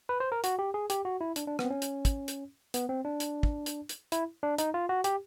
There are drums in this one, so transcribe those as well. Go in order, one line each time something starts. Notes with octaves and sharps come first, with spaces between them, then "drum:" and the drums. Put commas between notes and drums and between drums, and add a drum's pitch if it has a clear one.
B4
C5
A#4
F#4, drum: hi-hat
G4
G#4
G4, drum: hi-hat
F#4
E4
D4, drum: hi-hat
D4
B3, drum: rim click
C4
C#4
drum: hi-hat
drum: kick, hi-hat
drum: hi-hat
B3, drum: hi-hat
C4
D4
drum: hi-hat
drum: kick
drum: hi-hat
drum: hi-hat
E4, drum: hi-hat
D4
D#4, drum: hi-hat
F4
F#4
G4, drum: hi-hat